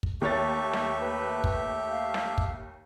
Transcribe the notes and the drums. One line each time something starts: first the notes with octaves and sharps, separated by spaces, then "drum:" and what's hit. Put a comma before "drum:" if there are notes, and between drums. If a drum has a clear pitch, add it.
drum: kick
D#2 A3 G4 C#5 E5 C#6 A6
drum: snare
B4
drum: kick
F5
drum: snare
drum: kick